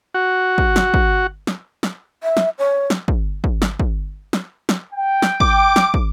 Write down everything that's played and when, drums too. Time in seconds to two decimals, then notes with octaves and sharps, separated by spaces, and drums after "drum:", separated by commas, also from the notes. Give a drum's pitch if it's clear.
0.14 F#4
0.58 drum: kick
0.76 drum: snare
0.94 drum: kick
1.47 drum: snare
1.83 drum: snare
2.23 E5
2.37 drum: snare
2.59 C#5
2.90 drum: snare
3.08 drum: kick
3.44 drum: kick
3.62 drum: snare
3.80 drum: kick
4.33 drum: snare
4.69 drum: snare
4.92 G5
5.22 drum: snare
5.40 D6, drum: kick
5.76 drum: snare
5.94 drum: kick